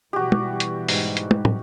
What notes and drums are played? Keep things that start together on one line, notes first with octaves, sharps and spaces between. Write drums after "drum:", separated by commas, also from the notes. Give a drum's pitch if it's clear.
B2 E3 G3 F#4 G4
drum: tom
drum: hi-hat
G#2, drum: open hi-hat
drum: hi-hat
drum: tom
drum: tom